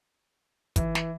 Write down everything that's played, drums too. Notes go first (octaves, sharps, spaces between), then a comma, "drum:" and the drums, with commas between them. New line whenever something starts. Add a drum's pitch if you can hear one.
E3, drum: kick, hi-hat
drum: snare